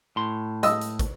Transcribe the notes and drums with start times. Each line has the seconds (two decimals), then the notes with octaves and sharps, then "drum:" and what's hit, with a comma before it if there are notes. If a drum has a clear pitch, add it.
0.16 A2 C6
0.63 D#5 E6, drum: hi-hat
0.81 drum: hi-hat
0.99 drum: kick, hi-hat